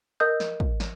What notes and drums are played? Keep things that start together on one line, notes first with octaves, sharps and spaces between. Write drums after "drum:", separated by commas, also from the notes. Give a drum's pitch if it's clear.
A#4 D#5 D#6 E6 G6
drum: snare
drum: kick
drum: snare